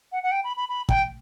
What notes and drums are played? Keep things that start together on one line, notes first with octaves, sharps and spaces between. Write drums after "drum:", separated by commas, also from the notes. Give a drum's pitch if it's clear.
F#5
F#5
G5
B5
B5
B5
G5, drum: kick